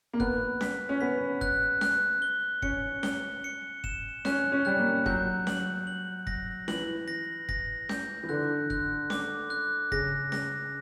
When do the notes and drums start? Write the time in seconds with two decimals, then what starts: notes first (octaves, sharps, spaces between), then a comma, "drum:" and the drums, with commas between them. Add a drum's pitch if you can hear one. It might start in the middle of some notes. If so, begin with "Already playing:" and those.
0.13 A#3
0.20 B3 F#6, drum: kick
0.61 B6, drum: snare C#4
0.89 C#4
1.01 B3 B6
1.41 F#6, drum: kick
1.81 F#6, drum: snare C#4
2.22 G7
2.62 C#4 C#7, drum: kick
3.03 G7, drum: snare C#4
3.44 C#7
3.84 E7, drum: kick
4.25 C#4 F#6, drum: snare C#4
4.52 C#4
4.65 G3 F#6
4.79 A#3
5.06 F#3 G6, drum: kick
5.47 F#7, drum: snare C#4
5.87 F#7
6.27 A#6, drum: kick
6.68 E3 F#7, drum: snare C#4
7.08 A#6
7.49 A#6, drum: kick
7.89 G6, drum: snare C#4
8.23 E3
8.29 D3 F#6
8.70 F#6, drum: kick
9.10 D6, drum: snare C#4
9.50 F#6
9.92 C#3 A#6, drum: kick
10.32 A#6, drum: snare C#4